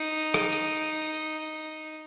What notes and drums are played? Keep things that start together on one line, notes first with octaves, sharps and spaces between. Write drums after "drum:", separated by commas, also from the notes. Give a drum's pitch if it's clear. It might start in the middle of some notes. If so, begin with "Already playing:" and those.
Already playing: D#4
drum: rim click
drum: hi-hat